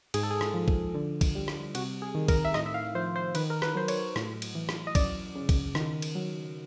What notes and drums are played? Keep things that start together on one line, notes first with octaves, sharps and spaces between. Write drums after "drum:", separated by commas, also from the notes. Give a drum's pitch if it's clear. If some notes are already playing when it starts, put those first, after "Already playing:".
G#2 G#4, drum: cymbal
A4
G#4
drum: rim click
F3
drum: kick
D3
drum: kick, cymbal
G3
drum: rim click
C3 F#4, drum: cymbal
G#4
D#3
A#4, drum: kick, cymbal
E5
A2 D#5, drum: rim click
E5
F5
F3 C5
C5
D#3 B4, drum: cymbal
A#4
B4, drum: rim click
F#3 C5
C#5, drum: cymbal
A2, drum: rim click
drum: cymbal
E3
drum: rim click
D#5
F#2 D5, drum: kick, cymbal
C#3
drum: kick, cymbal
D#3, drum: rim click
drum: cymbal
F#3